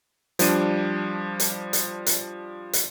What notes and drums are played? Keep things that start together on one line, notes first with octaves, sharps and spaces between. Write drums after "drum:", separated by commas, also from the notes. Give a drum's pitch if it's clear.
F3 G3 D4 D#7, drum: hi-hat
drum: hi-hat
drum: hi-hat
drum: hi-hat
drum: hi-hat